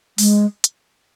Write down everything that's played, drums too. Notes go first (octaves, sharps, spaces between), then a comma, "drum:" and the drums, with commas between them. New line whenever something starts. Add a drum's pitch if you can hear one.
G#3, drum: open hi-hat
drum: hi-hat